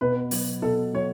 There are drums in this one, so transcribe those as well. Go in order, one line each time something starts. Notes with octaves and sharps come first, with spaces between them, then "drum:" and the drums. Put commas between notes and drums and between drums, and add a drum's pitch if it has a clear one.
B2 B4
F#3, drum: open hi-hat
B2 A4
F#3 C#5